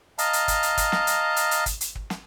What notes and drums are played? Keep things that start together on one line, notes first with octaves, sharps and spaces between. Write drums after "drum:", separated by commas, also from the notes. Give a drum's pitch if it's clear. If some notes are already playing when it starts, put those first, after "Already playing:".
D#5 F5 A5 A#5, drum: hi-hat
drum: hi-hat
drum: kick, hi-hat
drum: hi-hat
drum: kick, hi-hat
drum: snare
drum: hi-hat
drum: hi-hat
drum: hi-hat
drum: kick, hi-hat
drum: hi-hat
drum: kick
drum: snare